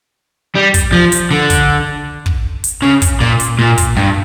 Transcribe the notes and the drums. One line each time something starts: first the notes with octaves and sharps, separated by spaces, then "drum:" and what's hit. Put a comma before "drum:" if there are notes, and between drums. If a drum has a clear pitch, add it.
G3
drum: kick, hi-hat
F3
drum: hi-hat
D3
drum: kick, hi-hat
drum: kick
drum: hi-hat
C#3
drum: kick, hi-hat
A#2
drum: hi-hat
A#2
drum: kick, hi-hat
G2